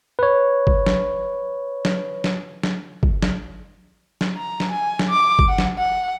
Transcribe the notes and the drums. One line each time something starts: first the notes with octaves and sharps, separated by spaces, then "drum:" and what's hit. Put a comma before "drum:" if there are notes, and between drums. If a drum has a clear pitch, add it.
B4 C#5
drum: kick
drum: snare
drum: snare
drum: snare
drum: snare
drum: kick
drum: snare
drum: snare
A#5
drum: snare
G#5
drum: snare
D6
drum: kick
F#5
drum: snare
F#5